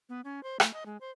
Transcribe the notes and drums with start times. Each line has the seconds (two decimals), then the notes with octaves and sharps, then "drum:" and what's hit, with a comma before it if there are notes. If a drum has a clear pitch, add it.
0.09 B3
0.25 C#4
0.43 C5
0.60 A3, drum: rim click
0.74 D#5
0.86 G#3
1.01 C5